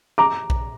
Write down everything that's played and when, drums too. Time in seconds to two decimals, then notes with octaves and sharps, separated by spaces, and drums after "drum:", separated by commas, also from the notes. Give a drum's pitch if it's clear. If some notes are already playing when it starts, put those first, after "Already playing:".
0.18 A#5 D6
0.50 drum: kick A#1